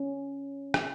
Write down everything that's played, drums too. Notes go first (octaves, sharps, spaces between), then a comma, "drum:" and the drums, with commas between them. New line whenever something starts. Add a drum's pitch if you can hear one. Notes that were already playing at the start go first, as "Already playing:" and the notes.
Already playing: C#4
drum: rim click